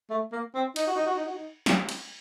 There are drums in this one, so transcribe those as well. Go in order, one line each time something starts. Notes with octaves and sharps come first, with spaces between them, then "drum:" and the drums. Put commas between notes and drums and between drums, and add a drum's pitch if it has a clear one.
A3
A#3
C4
D#4, drum: cymbal
F#4
D#4
F#4
D#4
F#4
D#4
drum: snare
drum: cymbal